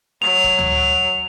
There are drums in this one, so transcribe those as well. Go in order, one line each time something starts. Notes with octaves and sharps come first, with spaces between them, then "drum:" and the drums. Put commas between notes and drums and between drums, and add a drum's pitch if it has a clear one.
F#3 F7
drum: kick G1
drum: tom D2